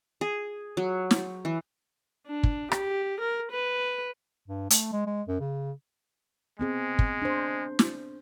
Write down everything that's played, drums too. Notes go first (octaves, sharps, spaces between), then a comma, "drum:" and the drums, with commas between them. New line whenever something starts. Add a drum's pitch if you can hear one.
G#4
F#3
drum: snare
E3
D4
drum: kick
G4, drum: rim click
A#4
B4
G2
A3, drum: hi-hat
G#3
G#3
F#2
C#3
G#3 B3 C4 G#4
drum: kick
D4 C5
drum: snare